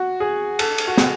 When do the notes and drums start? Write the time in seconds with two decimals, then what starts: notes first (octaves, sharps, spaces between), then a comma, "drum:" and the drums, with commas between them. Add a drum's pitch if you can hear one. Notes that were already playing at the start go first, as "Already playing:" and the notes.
Already playing: F#4
0.20 G#4
0.59 A4, drum: cymbal
0.78 drum: cymbal
0.88 F#4
0.97 G#4, drum: snare